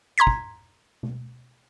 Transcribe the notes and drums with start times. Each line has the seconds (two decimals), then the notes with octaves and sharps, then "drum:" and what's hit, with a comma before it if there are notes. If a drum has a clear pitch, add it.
0.18 A#5 C6 G#6 B6
0.27 drum: kick
1.03 drum: tom B2